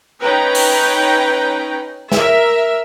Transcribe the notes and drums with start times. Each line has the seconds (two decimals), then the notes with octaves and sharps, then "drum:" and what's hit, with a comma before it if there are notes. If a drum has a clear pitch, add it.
0.21 C#4 D#4 B4 G5 A#5
0.55 drum: open hi-hat
2.12 A#4 E5, drum: snare